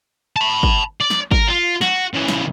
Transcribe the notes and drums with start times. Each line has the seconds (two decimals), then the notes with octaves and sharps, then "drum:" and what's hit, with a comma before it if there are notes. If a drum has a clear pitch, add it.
0.36 A5 B5
0.63 drum: kick
1.01 D5
1.10 drum: snare
1.31 A#4, drum: kick
1.47 F4
1.81 F#4, drum: snare
2.14 C#3 E3
2.28 drum: snare